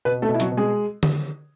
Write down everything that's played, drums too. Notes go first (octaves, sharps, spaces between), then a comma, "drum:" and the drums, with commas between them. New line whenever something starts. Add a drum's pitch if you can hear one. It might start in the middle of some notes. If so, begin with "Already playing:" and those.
B2 B3 B4
A3 A4
B2
E4
F#3 F#4, drum: hi-hat
B2
G#3 G#4
drum: tom D3